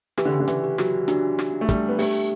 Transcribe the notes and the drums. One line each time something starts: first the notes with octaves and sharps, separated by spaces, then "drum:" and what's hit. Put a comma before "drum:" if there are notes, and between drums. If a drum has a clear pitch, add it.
E3 G4, drum: snare
D3
C#3
D3
E3, drum: hi-hat
G4
F#3, drum: snare
F#3 D4, drum: hi-hat
drum: snare
D4
A3
G3, drum: kick, hi-hat
B3
A3 G4, drum: open hi-hat